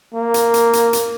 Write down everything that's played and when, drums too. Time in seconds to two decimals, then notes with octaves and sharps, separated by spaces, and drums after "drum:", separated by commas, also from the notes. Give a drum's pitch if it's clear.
0.14 A#3
0.34 drum: hi-hat
0.54 drum: hi-hat
0.73 drum: hi-hat
0.93 drum: hi-hat